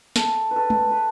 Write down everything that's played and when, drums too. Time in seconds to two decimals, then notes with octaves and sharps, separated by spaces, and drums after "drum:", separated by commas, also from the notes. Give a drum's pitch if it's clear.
0.16 A4, drum: snare
0.51 B4
0.56 A4
0.70 drum: tom G#3
0.91 B4